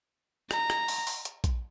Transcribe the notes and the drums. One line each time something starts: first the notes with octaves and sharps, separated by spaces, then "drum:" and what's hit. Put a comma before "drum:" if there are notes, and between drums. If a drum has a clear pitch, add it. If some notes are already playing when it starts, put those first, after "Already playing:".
A#5, drum: rim click
drum: rim click
drum: open hi-hat
drum: open hi-hat
drum: hi-hat
drum: kick A#1, hi-hat